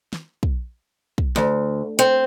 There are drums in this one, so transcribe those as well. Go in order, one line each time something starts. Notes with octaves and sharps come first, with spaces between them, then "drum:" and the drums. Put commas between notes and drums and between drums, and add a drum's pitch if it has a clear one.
drum: snare
drum: kick
drum: kick
D2, drum: snare
C4